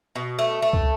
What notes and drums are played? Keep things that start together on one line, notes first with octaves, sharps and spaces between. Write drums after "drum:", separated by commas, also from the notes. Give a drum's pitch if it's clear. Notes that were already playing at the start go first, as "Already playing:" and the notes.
B2
A3
A3
drum: kick